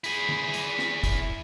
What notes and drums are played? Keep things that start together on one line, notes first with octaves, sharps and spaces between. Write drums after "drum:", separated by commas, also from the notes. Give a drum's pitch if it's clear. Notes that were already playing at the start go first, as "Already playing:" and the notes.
E4 G#4, drum: tambourine
drum: tom
drum: tambourine
drum: snare
drum: kick, tambourine